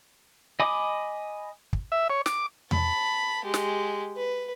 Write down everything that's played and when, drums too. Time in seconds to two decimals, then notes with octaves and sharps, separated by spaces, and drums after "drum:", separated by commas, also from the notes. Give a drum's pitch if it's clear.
0.60 D#5 G#5 B5 D6 D#6
1.73 drum: kick
1.92 E5
2.10 C#5
2.26 D6, drum: snare
2.71 A5 B5, drum: tom E2
3.44 G#3 G4
3.54 drum: snare
4.16 B4